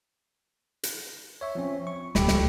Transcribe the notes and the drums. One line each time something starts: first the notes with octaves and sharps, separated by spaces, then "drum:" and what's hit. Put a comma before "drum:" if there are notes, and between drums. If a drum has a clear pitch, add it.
drum: hi-hat
C#5 E5 C#6
F3 C4 C#4
C#6
D1 G4 A4 B5, drum: snare
C#2, drum: snare